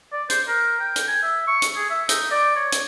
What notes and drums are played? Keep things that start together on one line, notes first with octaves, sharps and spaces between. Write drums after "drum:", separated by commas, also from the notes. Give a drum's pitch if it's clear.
D5
C5, drum: hi-hat
A#4
G5
drum: hi-hat
G#5
E5
C#6
drum: hi-hat
G#4
E5
D#4, drum: hi-hat
D5
C#5
drum: hi-hat